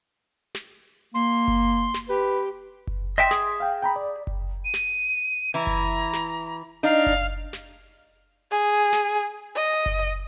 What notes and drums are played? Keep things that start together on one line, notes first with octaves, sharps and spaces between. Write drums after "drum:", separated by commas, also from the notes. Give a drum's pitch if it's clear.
drum: snare
A#3 C6
drum: kick F#1
drum: snare
G4 B4
drum: kick F#1
D#5 E5 G5 C6
G#4, drum: snare
F5 G5
G5 A#5 B5
D5
drum: kick F#1
D#7
drum: snare
E3 E4 A#5
drum: kick F#1
drum: snare
D4 D#4 F5
drum: kick F#1
drum: snare
G#4
drum: snare
D#5
drum: kick F#1